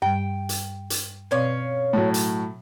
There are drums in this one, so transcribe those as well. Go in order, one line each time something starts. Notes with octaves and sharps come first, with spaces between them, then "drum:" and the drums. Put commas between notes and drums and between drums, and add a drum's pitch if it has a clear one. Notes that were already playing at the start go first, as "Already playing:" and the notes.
G2 G3 G5
drum: hi-hat
drum: hi-hat
B2 C4 C#4 B4 C#5 F5
A2 F#3
drum: hi-hat